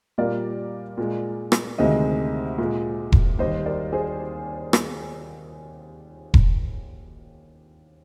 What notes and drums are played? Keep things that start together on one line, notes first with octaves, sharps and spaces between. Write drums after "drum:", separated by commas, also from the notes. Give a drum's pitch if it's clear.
A#2 G3 A#3 A#4 D5
A#2 G#3
drum: rim click
D2 C3 D#3 G#3 C5 D#5
A#2 G#3
drum: kick E1
D#2 D#3 G3 C5 D#5
A#4 D5
G#4 C5
drum: rim click
drum: kick E1